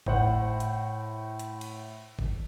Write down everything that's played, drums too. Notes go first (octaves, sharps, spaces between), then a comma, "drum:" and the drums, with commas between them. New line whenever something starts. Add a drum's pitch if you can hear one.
A2 C5 F#5, drum: kick G1
drum: hi-hat
drum: hi-hat
drum: cymbal
drum: kick G1